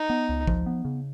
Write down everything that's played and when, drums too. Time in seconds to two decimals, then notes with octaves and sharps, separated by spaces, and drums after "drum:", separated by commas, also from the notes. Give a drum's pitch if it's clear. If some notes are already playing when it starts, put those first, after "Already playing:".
Already playing: D#4
0.10 B3
0.29 C#2
0.47 F3, drum: kick G#1
0.66 B3
0.85 C#3